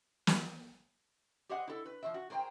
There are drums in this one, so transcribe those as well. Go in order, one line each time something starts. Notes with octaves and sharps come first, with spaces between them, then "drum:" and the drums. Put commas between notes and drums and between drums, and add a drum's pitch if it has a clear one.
drum: snare
G4 G#4 C5 D#5 F#5
E4 A4
B4
F3 C5 E5
F#4
G#4 A#4 C5 C#5 G5